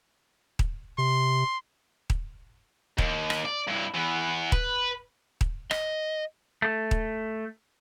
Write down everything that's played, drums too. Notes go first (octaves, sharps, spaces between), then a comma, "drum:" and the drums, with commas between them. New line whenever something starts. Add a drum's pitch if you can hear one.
drum: kick D#1
C3 C6
drum: kick D#1
D#2, drum: kick D#1
drum: rim click
D5
G2 E4
E3 B3
B4, drum: kick D#1
drum: kick D#1
D#5, drum: rim click
A3
drum: kick D#1